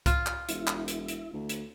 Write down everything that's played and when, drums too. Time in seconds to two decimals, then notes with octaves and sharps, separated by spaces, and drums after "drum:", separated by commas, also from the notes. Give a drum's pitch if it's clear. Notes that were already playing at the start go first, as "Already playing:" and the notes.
0.06 F4, drum: kick, hi-hat
0.26 drum: clap
0.49 E1 E4, drum: hi-hat
0.67 drum: clap
0.88 drum: hi-hat
1.08 drum: hi-hat
1.33 D2
1.49 drum: hi-hat